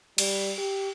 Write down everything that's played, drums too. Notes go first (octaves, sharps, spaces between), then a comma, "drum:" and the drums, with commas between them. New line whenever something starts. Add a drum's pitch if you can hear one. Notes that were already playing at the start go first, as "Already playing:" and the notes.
G3, drum: cymbal
G4